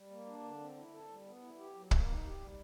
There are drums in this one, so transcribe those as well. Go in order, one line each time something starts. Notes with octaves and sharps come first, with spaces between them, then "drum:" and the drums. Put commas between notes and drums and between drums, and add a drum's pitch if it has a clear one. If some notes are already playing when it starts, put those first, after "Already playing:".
Already playing: G3
A#3
D4
D3
C4
E4
A4
G3
B3
E4
G4
F#3
A#3, drum: kick
D#4
G4
G3